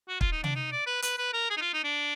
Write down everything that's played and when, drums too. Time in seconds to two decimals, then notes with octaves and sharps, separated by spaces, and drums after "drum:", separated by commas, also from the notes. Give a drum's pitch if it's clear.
0.09 F#4
0.21 F4, drum: kick
0.32 D#4
0.44 D4, drum: tom C3
0.56 D#4
0.72 D5
0.87 B4
1.02 B4, drum: hi-hat
1.18 B4
1.34 A#4
1.50 G#4
1.57 D#4
1.61 F4
1.74 D#4
1.84 D4